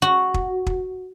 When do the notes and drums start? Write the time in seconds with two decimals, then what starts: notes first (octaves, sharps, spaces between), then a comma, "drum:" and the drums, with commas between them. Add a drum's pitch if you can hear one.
0.02 F#4
0.34 drum: kick
0.67 drum: kick